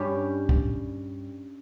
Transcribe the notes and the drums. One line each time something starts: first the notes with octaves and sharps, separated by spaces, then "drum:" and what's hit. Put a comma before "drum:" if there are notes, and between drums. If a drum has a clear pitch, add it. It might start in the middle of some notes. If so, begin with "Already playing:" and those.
Already playing: G2 G3 C#4 G4
drum: kick